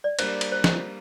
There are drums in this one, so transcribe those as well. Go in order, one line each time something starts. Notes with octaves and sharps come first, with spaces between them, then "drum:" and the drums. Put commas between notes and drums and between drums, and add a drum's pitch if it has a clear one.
D5
G3 A#3 D4 C5, drum: cymbal
drum: cymbal
C5
drum: snare